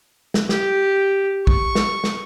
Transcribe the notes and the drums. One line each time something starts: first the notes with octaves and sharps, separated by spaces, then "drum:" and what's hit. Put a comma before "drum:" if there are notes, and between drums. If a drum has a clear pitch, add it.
drum: snare
G4, drum: snare
C#6, drum: kick
drum: snare
drum: snare